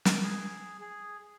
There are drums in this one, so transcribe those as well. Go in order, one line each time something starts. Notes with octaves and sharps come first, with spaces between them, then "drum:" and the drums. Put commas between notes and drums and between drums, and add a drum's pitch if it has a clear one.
drum: snare
G#4
G#4